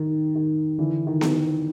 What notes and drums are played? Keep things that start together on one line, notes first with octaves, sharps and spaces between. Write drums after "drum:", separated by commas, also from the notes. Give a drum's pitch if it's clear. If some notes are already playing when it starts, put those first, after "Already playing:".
Already playing: D#3
D#3
D3 E3
D#3
drum: snare B3